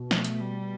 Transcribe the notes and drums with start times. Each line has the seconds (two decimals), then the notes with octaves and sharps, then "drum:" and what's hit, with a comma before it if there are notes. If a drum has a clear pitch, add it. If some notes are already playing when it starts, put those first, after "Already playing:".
Already playing: B2
0.11 A3, drum: snare
0.24 drum: hi-hat
0.40 G3